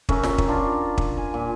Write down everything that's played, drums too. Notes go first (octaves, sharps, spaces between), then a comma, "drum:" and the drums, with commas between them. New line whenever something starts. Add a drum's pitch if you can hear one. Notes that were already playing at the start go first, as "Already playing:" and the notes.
C#4 A#4 E5 G5, drum: kick
drum: snare
drum: kick
D4 F4
drum: kick
G#5
A#2